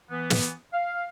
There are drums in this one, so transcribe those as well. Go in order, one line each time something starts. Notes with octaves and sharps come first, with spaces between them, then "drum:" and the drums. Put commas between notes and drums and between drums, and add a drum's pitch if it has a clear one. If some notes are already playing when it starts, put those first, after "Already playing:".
E3 B3
drum: snare
F5